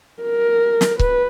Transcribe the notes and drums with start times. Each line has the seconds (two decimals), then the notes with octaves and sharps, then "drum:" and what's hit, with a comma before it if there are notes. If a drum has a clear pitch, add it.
0.23 A#4
0.81 drum: snare
0.99 B4, drum: kick C#1